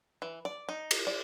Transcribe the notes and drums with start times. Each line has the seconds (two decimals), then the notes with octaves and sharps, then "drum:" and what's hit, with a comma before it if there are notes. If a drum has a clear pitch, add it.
0.22 E3
0.45 D5
0.69 D#4
0.91 drum: cymbal
1.07 D5